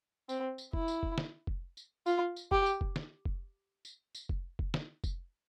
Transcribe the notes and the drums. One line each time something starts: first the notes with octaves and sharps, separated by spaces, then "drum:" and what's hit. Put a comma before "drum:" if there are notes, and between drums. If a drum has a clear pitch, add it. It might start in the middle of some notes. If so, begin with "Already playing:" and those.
C4, drum: tambourine
drum: tambourine
E4, drum: kick F1
drum: tambourine
drum: kick F1
drum: snare
drum: kick F1
drum: tambourine
F4, drum: tambourine
drum: tambourine
G4, drum: kick F1
drum: tambourine
drum: kick F1
drum: snare
drum: kick F1
drum: tambourine
drum: tambourine
drum: kick F1
drum: kick F1
drum: snare
drum: kick F1, tambourine